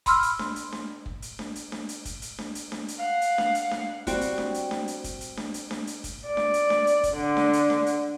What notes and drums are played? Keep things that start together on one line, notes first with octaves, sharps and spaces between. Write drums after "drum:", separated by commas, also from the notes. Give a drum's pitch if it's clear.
B5 C6 E6 F6, drum: kick, hi-hat
drum: hi-hat
drum: snare D4
drum: hi-hat
drum: snare D4
drum: kick
drum: hi-hat
drum: snare D4
drum: hi-hat
drum: snare D4
drum: hi-hat
drum: kick, hi-hat
drum: hi-hat
drum: snare D4
drum: hi-hat
drum: snare D4
drum: hi-hat
F5 F#5
drum: hi-hat
drum: snare D4
drum: hi-hat
drum: snare D4
G3 C4 F#4, drum: kick, hi-hat
drum: hi-hat
drum: snare D4
drum: hi-hat
drum: snare D4
drum: hi-hat
drum: kick, hi-hat
drum: hi-hat
drum: snare D4
drum: hi-hat
drum: snare D4
drum: hi-hat
drum: kick, hi-hat
D5
drum: snare D4
drum: hi-hat
drum: snare D4
drum: hi-hat
drum: kick, hi-hat
D3
drum: snare D4
drum: hi-hat
drum: snare D4
drum: hi-hat